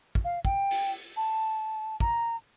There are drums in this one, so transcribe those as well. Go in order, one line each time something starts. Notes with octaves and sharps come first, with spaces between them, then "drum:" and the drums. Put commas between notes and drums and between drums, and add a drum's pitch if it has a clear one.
drum: kick
F5
G5, drum: kick
drum: open hi-hat
A5
A#5, drum: kick